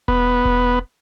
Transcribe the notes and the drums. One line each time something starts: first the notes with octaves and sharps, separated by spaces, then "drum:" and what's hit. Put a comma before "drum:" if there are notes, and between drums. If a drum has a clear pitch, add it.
B3, drum: kick E1
drum: kick E1